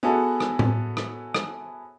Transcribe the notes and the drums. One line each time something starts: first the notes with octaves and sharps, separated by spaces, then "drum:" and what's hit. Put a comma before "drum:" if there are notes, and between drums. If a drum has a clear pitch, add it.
B3 C#4 E4 F#4 G#4 A4
drum: rim click
drum: tom A2
drum: rim click
drum: rim click